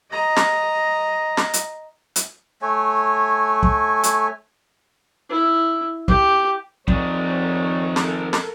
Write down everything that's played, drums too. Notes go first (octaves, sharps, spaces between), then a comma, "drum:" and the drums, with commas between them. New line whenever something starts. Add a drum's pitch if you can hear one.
D#5 A#5
drum: snare
drum: snare
drum: hi-hat
drum: hi-hat
A3 C#5 G#5
drum: kick
drum: hi-hat
E4
G4, drum: kick
F2 D#3 G#3 A#4 C#5 D5, drum: kick
A4 A#4, drum: snare
drum: snare